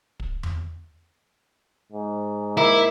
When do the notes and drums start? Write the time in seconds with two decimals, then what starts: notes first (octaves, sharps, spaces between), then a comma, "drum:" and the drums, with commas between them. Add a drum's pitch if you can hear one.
0.20 drum: kick
0.43 drum: tom E2
1.93 G#2
2.57 A#3 E4 E5